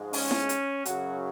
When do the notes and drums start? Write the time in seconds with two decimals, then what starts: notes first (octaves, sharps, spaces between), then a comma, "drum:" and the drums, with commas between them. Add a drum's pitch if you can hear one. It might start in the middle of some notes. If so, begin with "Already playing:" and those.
Already playing: G#2 F3 G#3
0.13 C#4, drum: open hi-hat
0.31 drum: snare E4
0.49 drum: hi-hat
0.85 F#2 C#3 F#3 F#4, drum: hi-hat